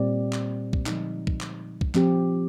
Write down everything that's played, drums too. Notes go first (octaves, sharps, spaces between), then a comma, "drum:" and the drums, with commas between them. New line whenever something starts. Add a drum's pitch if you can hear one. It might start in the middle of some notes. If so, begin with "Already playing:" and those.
Already playing: A#2 G3 C4 G4 D5
drum: clap
drum: kick
D3 F3 G#3 D#4, drum: clap
drum: kick
drum: clap
drum: kick
F3 C4 G4, drum: clap